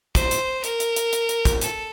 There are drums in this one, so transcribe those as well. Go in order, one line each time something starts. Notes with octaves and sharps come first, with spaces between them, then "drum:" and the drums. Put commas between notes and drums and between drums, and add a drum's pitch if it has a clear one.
C5, drum: kick, hi-hat
drum: hi-hat
A#4, drum: hi-hat
drum: hi-hat
drum: hi-hat
drum: hi-hat
drum: hi-hat
drum: kick, hi-hat
A4, drum: hi-hat